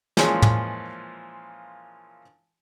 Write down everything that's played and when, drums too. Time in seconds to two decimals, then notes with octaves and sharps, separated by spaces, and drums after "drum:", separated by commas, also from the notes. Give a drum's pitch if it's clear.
0.17 A#2 E3 F3 G#3 C#4 F4, drum: snare
0.42 drum: tom